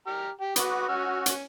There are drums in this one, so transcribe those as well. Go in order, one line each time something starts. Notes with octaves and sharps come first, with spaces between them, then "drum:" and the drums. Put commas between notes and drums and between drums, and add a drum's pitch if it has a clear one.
G4 A#5 F6
G4 G5
F#4 B4 D6 D#6, drum: hi-hat
C#4 E6 F6
C#4, drum: hi-hat